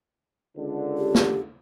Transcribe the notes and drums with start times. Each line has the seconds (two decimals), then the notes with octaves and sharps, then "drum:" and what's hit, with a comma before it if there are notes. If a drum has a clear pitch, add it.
0.56 C#2 D3
0.98 G4
1.15 drum: snare